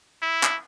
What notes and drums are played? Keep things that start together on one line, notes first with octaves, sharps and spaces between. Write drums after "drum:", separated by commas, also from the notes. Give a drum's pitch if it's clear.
E4
drum: clap